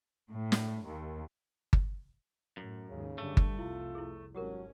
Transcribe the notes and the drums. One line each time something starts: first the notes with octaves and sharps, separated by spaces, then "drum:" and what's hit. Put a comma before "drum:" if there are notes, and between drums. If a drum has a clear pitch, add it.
A2
drum: snare
D#2
drum: kick G1
F#2 A2
D#2 G#2 C#3
G2 D3 G3 A3
drum: kick G1
F1 C2 E4 F4
E4 G#4
G#1 F#3 C#4 F#4 G4 A#4